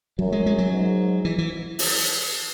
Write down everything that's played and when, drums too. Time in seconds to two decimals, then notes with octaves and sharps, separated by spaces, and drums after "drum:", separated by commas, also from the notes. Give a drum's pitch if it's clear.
0.19 F#2 F#3
0.32 G#3
0.46 G#3
0.58 F#3
0.72 G#2
1.25 E3
1.38 E3
1.79 drum: open hi-hat